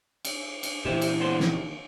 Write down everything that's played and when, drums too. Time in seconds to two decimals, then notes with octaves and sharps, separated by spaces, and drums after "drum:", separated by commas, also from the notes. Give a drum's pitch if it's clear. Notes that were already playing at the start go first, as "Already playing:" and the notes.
0.25 drum: cymbal
0.63 drum: cymbal
0.85 A#2 E3 G4 C5 E5
1.02 drum: cymbal
1.20 C#2 B3 C5
1.40 D#2, drum: snare